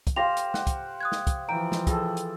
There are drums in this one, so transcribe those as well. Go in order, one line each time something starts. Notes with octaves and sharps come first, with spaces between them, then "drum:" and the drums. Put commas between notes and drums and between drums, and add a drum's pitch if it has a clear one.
drum: kick, hi-hat
G4 C5 F5 C6 A#6 F7
drum: hi-hat
F#5, drum: snare
drum: kick, hi-hat
D#6 F#6 G#6
drum: snare
drum: kick, hi-hat
E3 F3 G5 A#5 D7
drum: snare
F4 G#4 A4 G5, drum: kick, hi-hat
drum: hi-hat